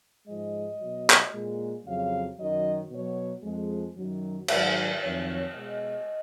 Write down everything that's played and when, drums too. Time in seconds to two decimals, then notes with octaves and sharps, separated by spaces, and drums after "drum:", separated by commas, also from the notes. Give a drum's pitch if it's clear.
0.27 G#2 F3 G#3 D#5
0.80 B2 F#3
1.10 drum: clap
1.33 A#2 G#3
1.85 F2 C#3 F#3 F5
2.37 F#2 D#3 F#3 D#5
2.90 B2 F#3 C#5
3.43 F2 F3 G#3
3.96 F#2 D#3 F#3
4.48 G#2 D#3 F#3, drum: cymbal
5.01 F2 D#3 F#3 C#5
5.54 B2 G#3 D#5